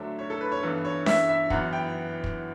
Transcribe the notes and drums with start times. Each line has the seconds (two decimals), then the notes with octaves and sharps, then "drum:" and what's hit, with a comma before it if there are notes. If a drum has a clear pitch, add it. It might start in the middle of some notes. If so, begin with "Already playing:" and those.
Already playing: D2 D3 F#3 A3 D4 E5
0.19 C#5
0.30 A4
0.41 B4
0.52 C#5
0.63 G2 E3 B3 A4
0.85 C#5
1.06 E5, drum: snare C#4
1.29 E5
1.50 F#2 E3 B3 F#5, drum: kick
1.73 G5
2.24 drum: kick